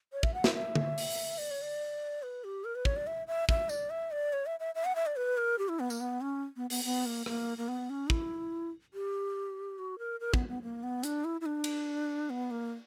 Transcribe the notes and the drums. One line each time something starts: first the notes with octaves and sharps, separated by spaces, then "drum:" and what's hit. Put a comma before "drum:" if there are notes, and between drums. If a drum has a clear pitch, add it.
C#5
E5, drum: kick
F#5
E5, drum: snare
E5
drum: tom D3
drum: open hi-hat
D5
C#5
D5
B4
G4
A#4
B4
C#5, drum: kick
D5
E5
E5
E5, drum: kick
D5, drum: tambourine
E5
D5
C#5
E5
E5
E5
F#5
E5
D5
B4
A#4
G4
E4
B3
A#3, drum: tambourine
B3
C#4
B3
B3, drum: open hi-hat
B3
A#3
A#3, drum: rim click
A#3
B3
C#4
E4, drum: kick
G4
F#4
A#4
A#4
B3, drum: kick
B3
A#3
B3
D4, drum: hi-hat
E4
E4
D4
drum: cymbal
B3
A#3